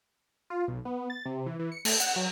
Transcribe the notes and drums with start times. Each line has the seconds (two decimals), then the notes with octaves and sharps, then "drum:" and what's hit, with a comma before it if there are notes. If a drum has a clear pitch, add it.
0.50 F4
0.68 B1
0.85 B3
1.10 A6
1.25 C3
1.46 E3
1.59 E3
1.72 C#7
1.85 A3, drum: cymbal
2.00 F#5, drum: hi-hat
2.16 F#3